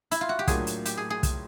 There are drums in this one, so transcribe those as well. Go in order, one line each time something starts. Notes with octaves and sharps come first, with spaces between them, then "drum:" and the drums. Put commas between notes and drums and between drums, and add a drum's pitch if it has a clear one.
E4, drum: hi-hat
F4
F#4
G4
A2 F#3 A#3 D4 F4 G#4, drum: kick, hi-hat
drum: hi-hat
G4, drum: hi-hat
G#4
G#4
drum: kick, hi-hat